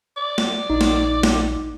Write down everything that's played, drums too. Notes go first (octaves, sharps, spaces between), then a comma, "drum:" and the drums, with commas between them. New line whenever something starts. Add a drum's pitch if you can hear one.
D5
drum: snare
A#1 D#4
drum: snare
drum: snare